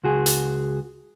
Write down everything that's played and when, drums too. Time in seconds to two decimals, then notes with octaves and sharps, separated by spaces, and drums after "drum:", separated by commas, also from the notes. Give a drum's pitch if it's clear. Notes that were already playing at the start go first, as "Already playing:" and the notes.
0.04 C#2 F#4 G#4
0.26 drum: hi-hat